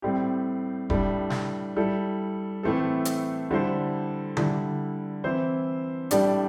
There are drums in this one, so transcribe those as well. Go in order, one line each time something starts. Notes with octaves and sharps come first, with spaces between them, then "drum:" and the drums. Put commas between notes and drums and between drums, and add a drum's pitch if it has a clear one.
A2 G3 C4 G4
A2 G3 D4, drum: kick E1
drum: snare
G3 E4 A4
A2 E3 A3 C4 A4
drum: hi-hat
D3 G3 E4 A4 C5
D3 G3 E4, drum: tom D3
E3 C4 E4 C5
A2 G3 D4 G4 D5, drum: hi-hat